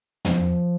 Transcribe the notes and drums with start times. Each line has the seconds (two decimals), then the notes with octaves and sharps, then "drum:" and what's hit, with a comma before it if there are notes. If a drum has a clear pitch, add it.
0.25 F3, drum: tom